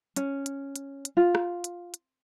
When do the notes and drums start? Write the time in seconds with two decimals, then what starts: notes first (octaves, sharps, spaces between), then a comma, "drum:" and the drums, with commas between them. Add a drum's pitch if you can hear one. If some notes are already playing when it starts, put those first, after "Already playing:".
0.16 C#4, drum: hi-hat
0.46 drum: hi-hat
0.76 drum: hi-hat
1.05 drum: hi-hat
1.17 F4
1.35 drum: rim click
1.64 drum: hi-hat
1.94 drum: hi-hat